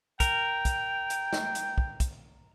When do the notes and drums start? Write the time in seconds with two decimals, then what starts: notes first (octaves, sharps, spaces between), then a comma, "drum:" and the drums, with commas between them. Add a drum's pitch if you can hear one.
0.20 A#4 G5, drum: kick, hi-hat
0.65 drum: kick, hi-hat
1.10 drum: hi-hat
1.33 drum: snare
1.55 drum: hi-hat
1.78 drum: kick
2.00 drum: kick, hi-hat